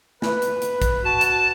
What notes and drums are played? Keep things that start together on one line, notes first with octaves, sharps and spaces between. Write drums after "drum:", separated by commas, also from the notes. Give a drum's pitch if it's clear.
B4, drum: snare
drum: hi-hat
drum: hi-hat
drum: kick, hi-hat
F#4 A5
drum: hi-hat